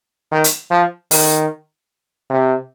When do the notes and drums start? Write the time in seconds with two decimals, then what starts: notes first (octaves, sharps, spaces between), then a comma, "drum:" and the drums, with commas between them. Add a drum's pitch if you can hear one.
0.32 D#3
0.44 drum: hi-hat
0.71 F3
1.11 D#3, drum: open hi-hat
2.30 C3